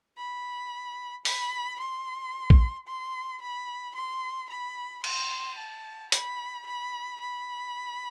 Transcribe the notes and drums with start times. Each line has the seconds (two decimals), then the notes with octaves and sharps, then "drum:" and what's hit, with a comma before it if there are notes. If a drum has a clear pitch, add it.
0.18 B5
1.25 B5, drum: open hi-hat
1.80 C6
2.50 drum: kick A#1
2.88 C6
3.42 B5
3.95 C6
4.50 B5
5.04 C6, drum: cymbal
5.58 A5
6.12 B5, drum: hi-hat
6.66 B5
7.20 B5